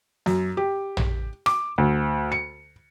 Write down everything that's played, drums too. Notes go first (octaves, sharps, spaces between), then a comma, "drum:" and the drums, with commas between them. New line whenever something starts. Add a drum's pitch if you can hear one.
F#2, drum: snare
G4
drum: tom
D6, drum: rim click
D2
C#7